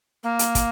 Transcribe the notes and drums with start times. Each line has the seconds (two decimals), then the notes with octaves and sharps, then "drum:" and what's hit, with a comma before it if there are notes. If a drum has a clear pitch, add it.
0.23 A#3
0.39 drum: hi-hat
0.55 drum: kick, hi-hat